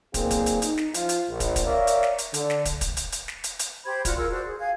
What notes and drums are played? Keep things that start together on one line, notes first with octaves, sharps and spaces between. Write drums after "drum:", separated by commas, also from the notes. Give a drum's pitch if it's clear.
B1 A#2 A#3 C4 F4 G#4, drum: kick, hi-hat
drum: kick, hi-hat
drum: hi-hat
D#4, drum: hi-hat
drum: snare
F3 F4, drum: hi-hat
drum: hi-hat
A#1
drum: kick, hi-hat
drum: kick, hi-hat
A#4 C#5 D5 E5 F5
drum: hi-hat
drum: snare
drum: hi-hat
D3, drum: hi-hat
drum: snare
drum: kick, hi-hat
drum: kick, hi-hat
drum: hi-hat
drum: hi-hat
drum: snare
drum: hi-hat
drum: hi-hat
G4 C5 B5 G#6
F4 F#4 D5 C6, drum: kick, hi-hat
F4 G#4 A#4 E6
F#4 A#4 C5 D5
G#4
F5 G#5 G#6